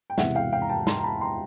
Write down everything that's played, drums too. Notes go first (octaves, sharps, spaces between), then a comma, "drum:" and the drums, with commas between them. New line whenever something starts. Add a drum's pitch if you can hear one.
G5
E1 E2 C3 E5 F#5, drum: snare
F5 G5
F5 G5
A#5
G5 A5
A#5 C6, drum: snare
A#5
A5 B5
A#5 C6